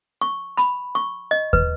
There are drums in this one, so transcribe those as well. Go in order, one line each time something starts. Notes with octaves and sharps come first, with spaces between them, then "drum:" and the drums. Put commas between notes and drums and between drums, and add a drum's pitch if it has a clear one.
C#6
B5, drum: hi-hat
C#6
D#5
B4, drum: kick D#2